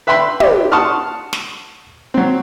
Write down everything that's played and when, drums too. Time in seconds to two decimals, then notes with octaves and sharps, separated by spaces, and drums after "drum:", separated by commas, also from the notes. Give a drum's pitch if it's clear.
0.07 B4 E5 G5 B5 C6
0.40 G4, drum: tom
0.72 F#5 A5 C6 C#6 D#6 F6
1.33 drum: snare
2.14 F#3 C4